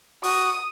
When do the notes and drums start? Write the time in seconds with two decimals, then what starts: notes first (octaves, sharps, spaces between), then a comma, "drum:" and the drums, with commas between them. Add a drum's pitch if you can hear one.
0.23 F#4 D#6, drum: open hi-hat